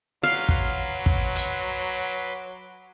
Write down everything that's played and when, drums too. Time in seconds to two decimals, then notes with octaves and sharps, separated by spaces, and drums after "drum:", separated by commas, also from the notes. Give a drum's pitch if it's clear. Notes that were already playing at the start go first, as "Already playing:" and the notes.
0.23 F#3 B4 F5 C6 D6
0.49 drum: kick
1.06 drum: kick
1.35 drum: hi-hat